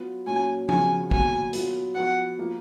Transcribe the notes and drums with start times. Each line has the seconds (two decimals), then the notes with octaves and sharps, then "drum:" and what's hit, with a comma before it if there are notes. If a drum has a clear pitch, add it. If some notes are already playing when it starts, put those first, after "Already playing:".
Already playing: F#3 B3 F4
0.27 A#2 F#3 C#4 F#4 G#5
0.69 C#3 F3 B3 F#4 G#5, drum: tom F3
1.11 A#2 F#3 B3 G#5, drum: kick
1.53 F#3 B3 F4, drum: hi-hat
1.95 F3 B3 F#4 F#5
2.39 F3 A#3 F4